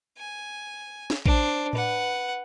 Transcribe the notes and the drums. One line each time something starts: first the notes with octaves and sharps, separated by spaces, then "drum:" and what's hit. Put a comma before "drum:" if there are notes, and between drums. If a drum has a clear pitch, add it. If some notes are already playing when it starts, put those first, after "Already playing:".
G#5
drum: snare
D4 C5, drum: kick A1
B4 F#5, drum: tom A2